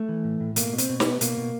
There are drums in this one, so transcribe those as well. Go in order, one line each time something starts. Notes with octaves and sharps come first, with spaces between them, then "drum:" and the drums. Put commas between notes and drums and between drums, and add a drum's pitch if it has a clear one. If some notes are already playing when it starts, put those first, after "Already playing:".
Already playing: A3
E3
A2
A2
B2 A#3, drum: hi-hat
B2
C4, drum: hi-hat
B2
B3, drum: snare
B2
B2 A#3, drum: hi-hat
B2